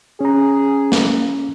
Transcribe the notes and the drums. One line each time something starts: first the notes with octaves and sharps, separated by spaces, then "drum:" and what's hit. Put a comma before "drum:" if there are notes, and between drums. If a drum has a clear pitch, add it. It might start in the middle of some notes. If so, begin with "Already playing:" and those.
C#4 G#4 A#5
drum: snare